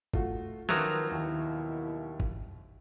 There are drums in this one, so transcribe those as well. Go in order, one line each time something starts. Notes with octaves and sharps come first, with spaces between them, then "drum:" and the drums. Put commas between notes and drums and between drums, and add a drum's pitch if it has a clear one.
A3 F4 F#4, drum: kick
D#3 F3 F#3 A#4 B4 A#6 F7, drum: snare
D#2 B2 A#3 E4
drum: kick